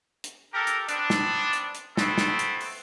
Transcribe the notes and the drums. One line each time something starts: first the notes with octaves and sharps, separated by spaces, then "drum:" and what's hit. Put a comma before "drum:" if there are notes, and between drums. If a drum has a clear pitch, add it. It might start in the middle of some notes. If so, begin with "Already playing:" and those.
drum: hi-hat
G4 A4 A#4
drum: hi-hat
B3 C4 D4, drum: hi-hat
drum: snare
drum: hi-hat
drum: hi-hat
A3 B3 C4 E4 A4, drum: snare
drum: snare
drum: hi-hat
drum: open hi-hat